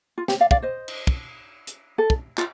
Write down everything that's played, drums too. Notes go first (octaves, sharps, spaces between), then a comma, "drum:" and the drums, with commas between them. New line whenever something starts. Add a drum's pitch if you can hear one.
F4
G4, drum: snare
D5 F5
D5 F5, drum: kick
C5 D#5
drum: cymbal
drum: kick
drum: hi-hat
A4
drum: kick
F4, drum: clap